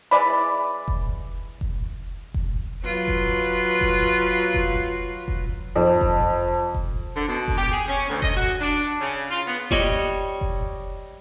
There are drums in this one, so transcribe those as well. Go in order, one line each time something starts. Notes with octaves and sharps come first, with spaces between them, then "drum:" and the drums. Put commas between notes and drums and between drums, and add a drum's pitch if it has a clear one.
E3 G#3 D5 B5
drum: kick F1
drum: kick F1
drum: kick F1
F#3 F4 B4
drum: kick F1
drum: kick F1
drum: kick F1
drum: kick F1
F2
drum: kick F1
drum: kick F1
D3
B2
drum: kick F1
G4
G#4
C#4
D2
D#5, drum: kick F1
F#4
D4
C#3
F4
B3
G3 C#5 D#5, drum: kick F1
drum: kick F1